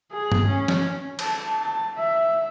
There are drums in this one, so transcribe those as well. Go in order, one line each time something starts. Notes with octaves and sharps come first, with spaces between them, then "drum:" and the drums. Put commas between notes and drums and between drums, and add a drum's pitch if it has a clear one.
G#4
drum: tom G2
C#4
drum: snare
A5, drum: cymbal
A5
E5